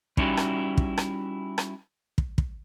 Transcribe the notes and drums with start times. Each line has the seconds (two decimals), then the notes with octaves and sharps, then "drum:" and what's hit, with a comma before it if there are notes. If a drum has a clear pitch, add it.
0.17 G3 C#4 D#4 E4 F#4 G4, drum: kick
0.37 drum: rim click
0.77 drum: kick
0.98 drum: rim click
1.58 drum: rim click
2.18 drum: kick
2.38 drum: kick